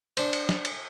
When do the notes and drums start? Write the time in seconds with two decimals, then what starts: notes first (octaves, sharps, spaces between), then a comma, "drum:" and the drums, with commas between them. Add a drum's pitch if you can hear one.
0.17 D4 C5, drum: cymbal
0.33 drum: cymbal
0.49 drum: snare
0.65 drum: cymbal